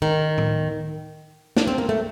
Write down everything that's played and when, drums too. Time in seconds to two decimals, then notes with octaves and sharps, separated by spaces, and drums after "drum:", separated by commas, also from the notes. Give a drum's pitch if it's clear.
0.02 D#3
0.38 drum: tom A2
1.57 D4, drum: snare
1.67 C4
1.78 A#3
1.89 A3